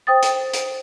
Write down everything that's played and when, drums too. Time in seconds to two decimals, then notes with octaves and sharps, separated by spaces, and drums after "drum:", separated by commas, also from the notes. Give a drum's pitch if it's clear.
0.07 C5 G5 D#6 A6
0.22 drum: hi-hat
0.53 drum: hi-hat